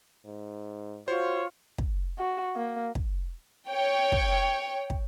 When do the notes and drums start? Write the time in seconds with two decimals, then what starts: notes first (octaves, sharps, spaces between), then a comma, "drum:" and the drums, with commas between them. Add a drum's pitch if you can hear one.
0.25 G#2
1.08 F4 F#4 C5 C#5
1.78 drum: kick
2.18 F#4
2.56 A#3
2.95 drum: kick
3.69 C#5 G5
4.12 drum: kick
4.90 drum: kick